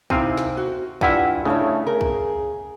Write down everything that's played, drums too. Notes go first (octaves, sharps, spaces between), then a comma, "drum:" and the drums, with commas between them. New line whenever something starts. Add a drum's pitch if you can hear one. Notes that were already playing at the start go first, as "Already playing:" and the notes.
C3 C4 D#4 E4 F5 G#5, drum: kick
drum: snare
F#4
G2 E4 F4 E5 F#5 G#5, drum: kick
C#3 A3 D4 E4 C#5
G#4 A#4, drum: tom C3
drum: kick